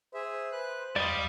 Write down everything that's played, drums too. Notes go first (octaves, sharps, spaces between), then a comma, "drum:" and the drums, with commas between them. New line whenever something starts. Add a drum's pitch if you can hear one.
G#4 C5 E5
B4 F#6
G3 D5 D#5 F5, drum: tom E2